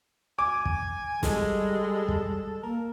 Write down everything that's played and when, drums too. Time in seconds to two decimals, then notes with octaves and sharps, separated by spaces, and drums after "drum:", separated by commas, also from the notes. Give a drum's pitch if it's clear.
0.39 G#5 D6
0.65 drum: kick
1.23 G3 G#3 A4, drum: snare
2.08 drum: kick
2.63 A#3 A#4